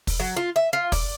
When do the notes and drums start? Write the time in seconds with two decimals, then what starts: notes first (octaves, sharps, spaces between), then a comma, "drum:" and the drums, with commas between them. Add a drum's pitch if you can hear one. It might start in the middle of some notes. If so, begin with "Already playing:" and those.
0.07 drum: kick, open hi-hat
0.20 F#3
0.37 F4
0.56 E5
0.73 F4
0.92 D5, drum: kick, open hi-hat